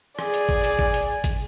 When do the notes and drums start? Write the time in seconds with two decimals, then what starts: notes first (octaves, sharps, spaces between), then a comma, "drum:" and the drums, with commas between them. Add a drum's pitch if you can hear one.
0.19 G#4 D5 G#5, drum: rim click
0.34 drum: hi-hat
0.49 drum: kick
0.64 drum: hi-hat
0.79 drum: kick
0.94 drum: hi-hat
1.24 drum: kick, hi-hat